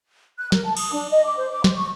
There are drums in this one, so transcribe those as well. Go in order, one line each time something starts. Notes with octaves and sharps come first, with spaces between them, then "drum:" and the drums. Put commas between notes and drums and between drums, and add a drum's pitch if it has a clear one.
F#6
A#4, drum: snare
A5
D#6, drum: cymbal
D4
D#5
D6
C5
D6
C5, drum: snare
C#6